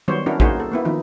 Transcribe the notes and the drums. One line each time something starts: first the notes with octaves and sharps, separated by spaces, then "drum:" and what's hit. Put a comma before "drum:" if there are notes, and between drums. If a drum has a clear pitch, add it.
D#3 F#3 G3 B3 C5 C#5
C#4 D4 E4 F#4 A#4
A#3 D#4 F#4 G#4 C5, drum: kick A1
A4
A#3 B3 E4
D#3 F3 D#4